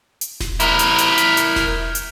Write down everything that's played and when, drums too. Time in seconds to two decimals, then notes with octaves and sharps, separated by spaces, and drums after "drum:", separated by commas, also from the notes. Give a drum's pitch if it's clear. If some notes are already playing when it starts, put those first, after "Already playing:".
0.21 drum: hi-hat
0.40 drum: snare E1
0.60 E4 A#4, drum: hi-hat
0.79 drum: hi-hat
0.98 drum: hi-hat
1.18 drum: hi-hat
1.37 drum: hi-hat
1.56 drum: snare E1
1.95 drum: hi-hat